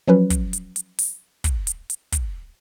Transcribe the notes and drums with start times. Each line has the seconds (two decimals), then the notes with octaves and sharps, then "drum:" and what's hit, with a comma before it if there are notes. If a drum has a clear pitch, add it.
0.08 F3 F#3 C#4 B4
0.30 drum: kick, hi-hat
0.53 drum: hi-hat
0.76 drum: hi-hat
0.99 drum: open hi-hat
1.44 drum: kick, hi-hat
1.67 drum: hi-hat
1.90 drum: hi-hat
2.12 drum: kick, hi-hat